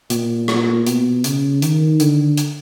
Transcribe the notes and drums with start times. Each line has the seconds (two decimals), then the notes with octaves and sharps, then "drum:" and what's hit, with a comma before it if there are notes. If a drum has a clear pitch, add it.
0.10 A#2, drum: hi-hat
0.48 drum: rim click
0.87 B2, drum: hi-hat
1.24 C#3, drum: hi-hat
1.62 D#3, drum: hi-hat
2.00 D3, drum: hi-hat
2.37 drum: hi-hat